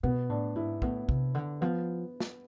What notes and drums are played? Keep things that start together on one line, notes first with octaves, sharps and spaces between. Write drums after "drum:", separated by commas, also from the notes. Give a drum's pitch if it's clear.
B2 B3
A2 D4
G#2 E4
A2 B3, drum: kick
C3, drum: kick
D3
F3 B3
drum: snare